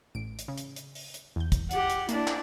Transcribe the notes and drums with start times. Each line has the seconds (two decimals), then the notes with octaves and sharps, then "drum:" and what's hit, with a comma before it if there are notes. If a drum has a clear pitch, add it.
0.15 A1 D7
0.39 drum: hi-hat
0.48 C#3
0.58 drum: hi-hat
0.76 drum: hi-hat
0.95 drum: open hi-hat
1.14 drum: hi-hat
1.36 E2 G6
1.52 drum: kick, hi-hat
1.71 G4 F#5, drum: hi-hat
1.90 drum: hi-hat
2.09 A#3 D4 E4, drum: hi-hat
2.27 drum: clap